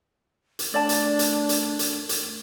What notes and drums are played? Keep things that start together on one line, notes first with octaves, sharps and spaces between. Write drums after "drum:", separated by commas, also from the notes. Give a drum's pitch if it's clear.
drum: hi-hat
A3 D4 D5 A5
drum: hi-hat
drum: hi-hat
drum: hi-hat
drum: hi-hat
drum: hi-hat